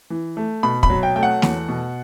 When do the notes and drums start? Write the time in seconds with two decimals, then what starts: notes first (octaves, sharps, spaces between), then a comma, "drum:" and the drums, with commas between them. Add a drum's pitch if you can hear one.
0.10 E3
0.37 A3
0.63 B2 B5
0.83 B5, drum: kick
0.90 F#3
1.03 G5
1.16 A3 G5
1.23 F#5
1.42 E2, drum: snare
1.68 B2